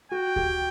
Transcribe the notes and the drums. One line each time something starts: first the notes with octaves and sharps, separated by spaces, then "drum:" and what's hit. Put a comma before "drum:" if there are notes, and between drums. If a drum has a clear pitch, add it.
F#4 G5
G4, drum: kick D2